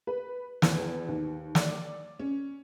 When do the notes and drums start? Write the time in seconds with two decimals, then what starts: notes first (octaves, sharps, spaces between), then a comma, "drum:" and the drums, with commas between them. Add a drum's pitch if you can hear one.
0.07 B4
0.62 E2, drum: snare
1.08 D#2
1.55 D5, drum: snare
2.19 C#4